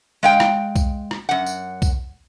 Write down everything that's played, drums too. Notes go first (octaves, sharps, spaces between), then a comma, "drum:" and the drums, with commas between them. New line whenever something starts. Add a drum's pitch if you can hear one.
G#3 F5 G5
drum: rim click
drum: kick B1, tambourine
drum: rim click
F#2 F#5
drum: tambourine
drum: kick B1, tambourine